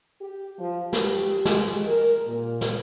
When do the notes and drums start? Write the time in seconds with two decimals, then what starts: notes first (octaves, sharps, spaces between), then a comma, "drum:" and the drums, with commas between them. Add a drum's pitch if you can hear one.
0.21 G4
0.59 F3
0.93 G4, drum: snare
1.45 G#3, drum: snare
1.87 A#4
2.27 A#2
2.61 drum: snare